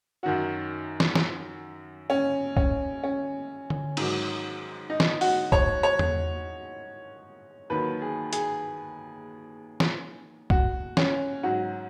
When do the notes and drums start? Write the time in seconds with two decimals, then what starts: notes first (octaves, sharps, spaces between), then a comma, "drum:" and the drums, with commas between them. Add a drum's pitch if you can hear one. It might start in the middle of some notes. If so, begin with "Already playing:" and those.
0.23 F#2 D#3 F#3 F#4
1.00 drum: snare
1.15 drum: snare
2.10 C#4
2.57 C#4, drum: kick
3.04 C#4
3.70 drum: tom D3
3.97 G#2 D#3 F#3, drum: cymbal
4.90 D#4
5.00 drum: snare
5.21 F#4, drum: open hi-hat
5.52 C#5, drum: kick
5.83 C#5
5.99 drum: tom E2
7.70 D#2 D#3 F#3 B4
8.02 G#4
8.33 G#4, drum: hi-hat
9.80 drum: snare
10.50 F#4, drum: kick
10.97 C#4, drum: snare
11.43 G#2 F#3 F#4